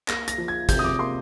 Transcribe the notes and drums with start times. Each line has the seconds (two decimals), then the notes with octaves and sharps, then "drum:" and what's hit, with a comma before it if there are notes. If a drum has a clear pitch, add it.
0.08 A#3 A#6, drum: clap
0.28 A#6, drum: hi-hat
0.38 F3
0.48 G#6
0.69 C3 G6, drum: kick, hi-hat
0.79 D#6
0.84 D6
0.99 A#3 C6